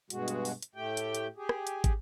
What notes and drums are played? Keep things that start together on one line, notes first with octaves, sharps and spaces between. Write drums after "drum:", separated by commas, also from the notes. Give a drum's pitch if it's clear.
G2 B2 G#3 F#4, drum: hi-hat
drum: hi-hat
drum: open hi-hat
drum: hi-hat
A2 A3 G4 G5
drum: hi-hat
drum: hi-hat
G4 G#4
drum: rim click
drum: hi-hat
drum: kick, hi-hat